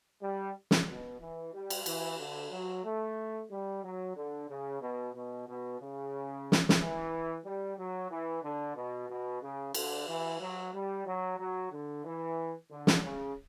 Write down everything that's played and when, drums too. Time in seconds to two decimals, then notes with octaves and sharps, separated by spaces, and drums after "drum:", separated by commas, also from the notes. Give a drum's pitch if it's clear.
0.21 G3
0.71 drum: snare
0.88 B2
1.20 E3
1.53 G3
1.70 drum: cymbal
1.86 E3, drum: cymbal
2.19 D3
2.52 F#3
2.84 A3
3.50 G3
3.83 F#3
4.16 D3
4.49 C#3
4.81 B2
5.14 B2
5.48 B2
5.80 C#3
6.52 drum: snare
6.69 drum: snare
6.79 E3
7.45 G3
7.78 F#3
8.11 E3
8.43 D3
8.76 B2
9.09 B2
9.41 C#3
9.74 D3, drum: cymbal
10.07 E3
10.40 F#3
10.73 G3
11.06 F#3
11.39 F#3
11.72 D3
12.05 E3
12.70 D3
12.87 drum: snare
13.03 C#3